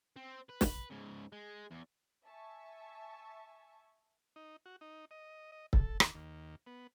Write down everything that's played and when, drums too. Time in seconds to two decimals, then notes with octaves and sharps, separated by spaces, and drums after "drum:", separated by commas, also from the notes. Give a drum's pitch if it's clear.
0.16 C4
0.50 B4
0.61 drum: snare
0.91 G#2 C#3
1.32 G#3
1.71 E2
2.24 E5 G#5 A5 C#6
4.36 D#4
4.66 F#4
4.81 D#4
5.11 D#5
5.52 D#5
5.73 A4, drum: kick
6.00 D#2, drum: rim click
6.14 D#2
6.66 B3